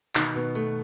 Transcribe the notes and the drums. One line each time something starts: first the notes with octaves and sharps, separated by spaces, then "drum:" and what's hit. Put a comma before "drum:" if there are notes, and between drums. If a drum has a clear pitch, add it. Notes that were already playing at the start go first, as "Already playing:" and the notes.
B2 D#3 D#4, drum: clap
B2 B3
B2 A3